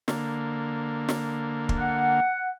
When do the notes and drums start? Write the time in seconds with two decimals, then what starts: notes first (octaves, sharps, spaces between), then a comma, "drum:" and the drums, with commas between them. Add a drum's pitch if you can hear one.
0.08 D3 A#3, drum: snare
1.09 drum: snare
1.69 drum: kick
1.78 F#5